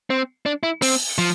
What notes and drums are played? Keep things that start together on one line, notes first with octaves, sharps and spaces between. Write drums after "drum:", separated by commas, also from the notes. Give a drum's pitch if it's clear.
C4
D4
E4
C4, drum: open hi-hat
F3